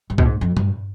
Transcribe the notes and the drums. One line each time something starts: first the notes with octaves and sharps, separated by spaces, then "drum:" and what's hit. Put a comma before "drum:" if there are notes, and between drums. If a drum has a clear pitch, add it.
G2
B2, drum: kick
G#2
F2
G2, drum: tom